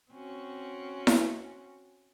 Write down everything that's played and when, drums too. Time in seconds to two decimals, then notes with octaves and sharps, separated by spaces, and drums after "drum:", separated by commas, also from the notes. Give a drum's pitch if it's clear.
0.11 C4 C#4 F#4
1.07 drum: snare E4